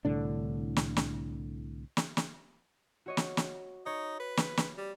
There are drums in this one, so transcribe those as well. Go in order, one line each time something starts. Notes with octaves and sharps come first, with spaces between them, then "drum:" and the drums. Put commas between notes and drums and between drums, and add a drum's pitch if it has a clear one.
C2 A2 D3 D4
drum: snare
drum: snare
drum: snare
drum: snare
F#4 C#5 D#5
drum: snare
drum: snare
D#4 C#5
B4
drum: snare
drum: snare
G3